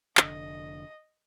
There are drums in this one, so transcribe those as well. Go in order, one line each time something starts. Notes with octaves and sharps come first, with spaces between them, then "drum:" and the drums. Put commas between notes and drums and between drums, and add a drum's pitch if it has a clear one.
F1 D3 D#5, drum: clap